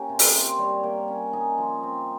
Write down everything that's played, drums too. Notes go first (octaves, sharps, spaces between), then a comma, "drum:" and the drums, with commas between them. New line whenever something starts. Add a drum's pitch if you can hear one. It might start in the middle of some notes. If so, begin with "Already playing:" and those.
Already playing: A#3 C#4 G4 A#4
C3
drum: open hi-hat
C3
C5
G3 C#5
A#3 G5
C#4
D#4 G#5
F3
C4